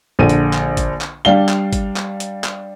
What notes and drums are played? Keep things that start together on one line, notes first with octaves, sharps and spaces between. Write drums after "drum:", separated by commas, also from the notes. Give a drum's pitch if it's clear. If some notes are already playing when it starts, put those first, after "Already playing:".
A#1 D3 D#7
drum: hi-hat
drum: clap
drum: kick G#1, hi-hat
drum: clap
G3 D4 F5 G7
drum: clap
drum: kick G#1, hi-hat
drum: clap
drum: hi-hat
drum: clap